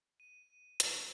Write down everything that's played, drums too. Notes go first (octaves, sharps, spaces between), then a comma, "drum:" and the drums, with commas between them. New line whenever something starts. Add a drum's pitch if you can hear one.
D#7
drum: hi-hat